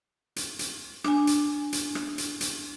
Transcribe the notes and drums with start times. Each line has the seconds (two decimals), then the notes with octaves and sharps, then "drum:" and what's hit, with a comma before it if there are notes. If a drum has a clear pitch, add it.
0.36 drum: hi-hat
0.59 drum: hi-hat
1.04 D4 G#5, drum: rim click
1.27 drum: hi-hat
1.73 drum: hi-hat
1.95 drum: rim click
2.18 drum: hi-hat
2.41 drum: hi-hat